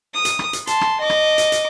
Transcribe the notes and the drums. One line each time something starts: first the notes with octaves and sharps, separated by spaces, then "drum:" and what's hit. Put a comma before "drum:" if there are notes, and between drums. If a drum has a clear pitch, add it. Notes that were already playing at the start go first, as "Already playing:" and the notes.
D#6
drum: hi-hat
drum: rim click
drum: hi-hat
A5 C6, drum: hi-hat
drum: rim click
D#5 D6
drum: rim click
drum: hi-hat
drum: hi-hat